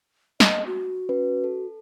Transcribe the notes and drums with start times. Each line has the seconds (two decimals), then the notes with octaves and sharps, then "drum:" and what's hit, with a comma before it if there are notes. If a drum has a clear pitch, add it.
0.40 D#5, drum: snare
0.67 F#4
1.09 C#4 B4
1.44 A4